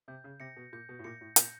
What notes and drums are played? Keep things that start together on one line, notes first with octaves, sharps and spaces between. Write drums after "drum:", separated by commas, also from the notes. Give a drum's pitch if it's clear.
C3 G6
C#3
C3 A#6 C#7
B2
A#2 G6
B2
A2
A#2 A#6 C#7
A2
A#2 G6, drum: hi-hat